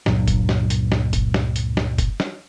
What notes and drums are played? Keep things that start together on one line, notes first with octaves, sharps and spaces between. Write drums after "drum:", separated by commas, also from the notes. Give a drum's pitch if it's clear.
C#2 G2 A#2 F#3, drum: snare
drum: kick F#1, hi-hat
drum: snare
drum: hi-hat
drum: snare
drum: kick F#1, hi-hat
drum: snare
drum: hi-hat
drum: snare
drum: kick F#1, hi-hat
drum: snare